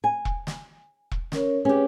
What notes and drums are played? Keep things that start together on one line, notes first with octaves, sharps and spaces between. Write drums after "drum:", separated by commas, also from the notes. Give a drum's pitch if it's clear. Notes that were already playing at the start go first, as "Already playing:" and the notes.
G#5
drum: kick E1
drum: snare
drum: kick E1
C#4 A#4 C#5, drum: snare
C#4 G4 G#4 B4